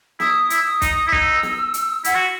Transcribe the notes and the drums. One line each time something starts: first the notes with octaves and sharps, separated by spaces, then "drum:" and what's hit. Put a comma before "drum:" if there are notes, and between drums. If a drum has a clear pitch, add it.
E4 D#6, drum: snare
E4, drum: hi-hat
E6
D#6
D#4, drum: kick, hi-hat
E4
D#4 E6, drum: kick
drum: snare
drum: hi-hat
E4 F#5, drum: hi-hat
F#4